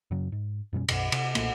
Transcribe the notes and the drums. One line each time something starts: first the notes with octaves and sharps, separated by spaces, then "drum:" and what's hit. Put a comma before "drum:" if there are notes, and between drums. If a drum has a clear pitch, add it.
F#2 C#3 F#3
G#2
F#2 B2 G3 C#4
B1 F#2 B2, drum: cymbal
C3, drum: cymbal
B1 A#2 A3 A#3, drum: cymbal